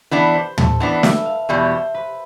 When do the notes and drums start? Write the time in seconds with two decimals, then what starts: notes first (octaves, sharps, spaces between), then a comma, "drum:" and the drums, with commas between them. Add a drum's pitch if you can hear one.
0.11 E3 B3 D4 B4
0.34 C5
0.58 A4, drum: tom
0.80 E3 B3 D4 B4
1.03 E5, drum: snare
1.26 F5
1.49 E2 B2 G3 E5
1.71 C5
1.94 B4